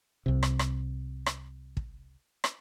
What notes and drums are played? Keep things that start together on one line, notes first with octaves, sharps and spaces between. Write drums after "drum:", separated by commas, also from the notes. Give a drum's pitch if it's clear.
C2 C3
drum: rim click
drum: rim click
drum: rim click
drum: kick
drum: rim click